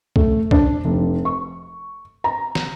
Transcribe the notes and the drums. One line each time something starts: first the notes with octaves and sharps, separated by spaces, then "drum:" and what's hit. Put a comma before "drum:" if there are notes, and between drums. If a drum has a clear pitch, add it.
A3, drum: kick C2
D4, drum: kick C2
F1
C#6
A#5
drum: snare